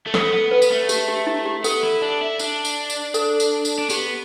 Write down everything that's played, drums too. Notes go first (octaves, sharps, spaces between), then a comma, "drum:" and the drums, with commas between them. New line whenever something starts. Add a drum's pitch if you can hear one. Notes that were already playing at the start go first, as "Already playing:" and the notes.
A3
B3 A4, drum: snare
B3
B3 B4
B3, drum: tambourine
A3
G4, drum: tambourine
G4
E4
G4
B3 A4, drum: tambourine
E4
D4
E4
D4, drum: tambourine
drum: tambourine
drum: tambourine
A4, drum: tambourine
drum: tambourine
drum: tambourine
D4
B3 G4, drum: tambourine